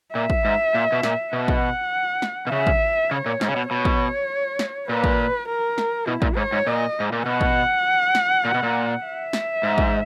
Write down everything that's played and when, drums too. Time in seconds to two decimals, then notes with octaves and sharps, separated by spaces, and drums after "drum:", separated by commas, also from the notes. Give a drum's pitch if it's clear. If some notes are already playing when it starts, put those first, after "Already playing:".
0.15 A#2 E5
0.30 drum: kick
0.45 G#2
0.74 A#2
0.92 B2
1.03 A#2, drum: snare
1.33 B2 F#5
1.48 drum: kick
2.22 drum: snare
2.47 B2
2.51 C#3 E5
2.67 drum: kick
3.11 C#3 C#5
3.26 A#2
3.41 G#2, drum: snare
3.49 C#3
3.56 B2
3.71 B2 C#5
3.85 drum: kick
4.59 drum: snare
4.89 A#2 B4
5.04 drum: kick
5.48 A#4
5.78 drum: snare
6.07 B2 E4
6.22 A#2, drum: kick
6.36 G#2 C#5
6.52 G#2
6.67 A#2 D#5
7.00 G#2
7.12 A#2
7.26 B2 F#5
7.41 drum: kick
8.15 drum: snare
8.45 A#2
8.54 B2
8.63 A#2
9.04 E5
9.33 drum: snare
9.63 G#2
9.78 drum: kick